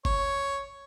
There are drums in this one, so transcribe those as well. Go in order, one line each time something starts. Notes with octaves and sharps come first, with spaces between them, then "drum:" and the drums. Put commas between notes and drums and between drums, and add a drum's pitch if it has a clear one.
C#5, drum: kick F#1